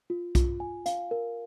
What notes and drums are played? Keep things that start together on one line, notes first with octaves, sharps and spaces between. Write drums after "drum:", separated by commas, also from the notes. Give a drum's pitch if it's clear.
F4
F4, drum: kick B1, hi-hat
G#5
F5, drum: hi-hat
A#4